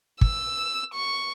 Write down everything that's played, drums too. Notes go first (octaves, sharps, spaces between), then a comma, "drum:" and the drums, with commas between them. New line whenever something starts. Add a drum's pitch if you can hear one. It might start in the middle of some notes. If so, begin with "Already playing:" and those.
E6, drum: kick
C#6